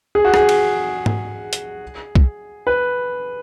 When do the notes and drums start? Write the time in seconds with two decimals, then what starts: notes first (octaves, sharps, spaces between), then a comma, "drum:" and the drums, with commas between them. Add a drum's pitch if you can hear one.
0.15 G#4
0.25 F#4
0.34 G#4, drum: rim click
0.49 drum: cymbal
1.06 drum: tom G#2
1.53 drum: hi-hat
2.15 drum: kick
2.67 B4